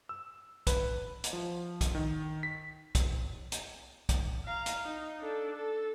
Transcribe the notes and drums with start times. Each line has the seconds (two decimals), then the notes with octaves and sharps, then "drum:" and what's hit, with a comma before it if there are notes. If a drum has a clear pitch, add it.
0.09 E6
0.67 B4, drum: kick, hi-hat
1.24 drum: hi-hat
1.33 F3
1.81 drum: kick, hi-hat
1.95 D#3
2.43 B6
2.95 drum: kick, hi-hat
3.52 drum: hi-hat
4.09 drum: kick, hi-hat
4.45 F5 A#5
4.66 drum: hi-hat
4.85 D#4
5.20 D4 A4
5.55 A4